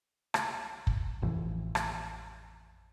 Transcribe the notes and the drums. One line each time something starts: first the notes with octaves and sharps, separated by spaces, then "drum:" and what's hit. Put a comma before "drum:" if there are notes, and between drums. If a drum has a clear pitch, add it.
drum: rim click
drum: kick
A1 F2 A2 E3
drum: rim click